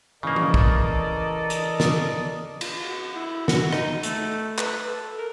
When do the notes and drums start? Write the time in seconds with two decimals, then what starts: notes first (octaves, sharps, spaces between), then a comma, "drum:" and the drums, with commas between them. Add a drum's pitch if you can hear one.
0.23 C#3 E3 A#3 C#4 A4 A#4 D5 D#5
0.36 drum: tom F3
0.54 drum: kick
1.50 drum: hi-hat
1.80 drum: snare
2.61 F4, drum: cymbal
2.83 F#4
3.16 E4
3.48 F#4, drum: snare
3.73 D#4, drum: rim click
4.03 A3, drum: hi-hat
4.58 B4, drum: clap
4.88 A4
5.18 A#4